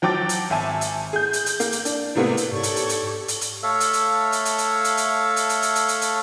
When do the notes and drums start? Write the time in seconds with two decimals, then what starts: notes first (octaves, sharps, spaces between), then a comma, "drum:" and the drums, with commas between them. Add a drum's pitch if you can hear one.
0.02 F3 F#3 G5 D6 A6
0.29 drum: hi-hat
0.50 G#1 E5 G#5 A5
0.81 drum: hi-hat
1.13 G#4 G6
1.33 drum: hi-hat
1.46 drum: hi-hat
1.60 A#3, drum: hi-hat
1.72 drum: hi-hat
1.85 D4, drum: hi-hat
2.15 A2 C3 A#3 B3
2.37 drum: hi-hat
2.52 G#2 G4 A4 C#5 D5 C#6
2.63 drum: hi-hat
2.76 drum: hi-hat
2.89 drum: hi-hat
3.28 drum: hi-hat
3.41 drum: hi-hat
3.63 A3 A4 C#5 E5 F5 E6
3.80 drum: hi-hat
3.93 drum: hi-hat
4.32 drum: hi-hat
4.45 drum: hi-hat
4.58 drum: hi-hat
4.84 drum: hi-hat
4.97 drum: hi-hat
5.36 drum: hi-hat
5.49 drum: hi-hat
5.62 drum: hi-hat
5.75 drum: hi-hat
5.88 drum: hi-hat
6.01 drum: hi-hat